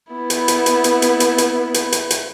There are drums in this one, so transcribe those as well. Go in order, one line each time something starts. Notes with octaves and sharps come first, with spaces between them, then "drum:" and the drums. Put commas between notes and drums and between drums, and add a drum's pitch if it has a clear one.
B3 E4
drum: hi-hat
drum: hi-hat
drum: hi-hat
drum: hi-hat
drum: hi-hat
drum: hi-hat
drum: hi-hat
drum: hi-hat
drum: hi-hat
drum: hi-hat